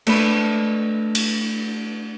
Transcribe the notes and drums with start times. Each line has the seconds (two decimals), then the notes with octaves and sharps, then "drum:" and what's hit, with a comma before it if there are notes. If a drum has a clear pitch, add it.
0.07 A3 D4 A4 B4, drum: cymbal
1.15 drum: cymbal